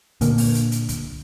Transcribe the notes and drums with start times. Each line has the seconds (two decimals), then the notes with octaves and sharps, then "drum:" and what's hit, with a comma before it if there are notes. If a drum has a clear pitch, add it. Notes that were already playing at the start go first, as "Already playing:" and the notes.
0.21 A#2 D3 A#3, drum: hi-hat
0.38 drum: open hi-hat
0.55 drum: hi-hat
0.72 drum: hi-hat
0.89 drum: kick, hi-hat